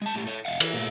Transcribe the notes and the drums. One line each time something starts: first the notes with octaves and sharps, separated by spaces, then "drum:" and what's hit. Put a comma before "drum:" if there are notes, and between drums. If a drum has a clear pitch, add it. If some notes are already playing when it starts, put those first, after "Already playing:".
G#3 A5
A2 A3 G4
A4 C#5
F2 G#3 D#5 F5 F#5
E3, drum: cymbal
A#2 A3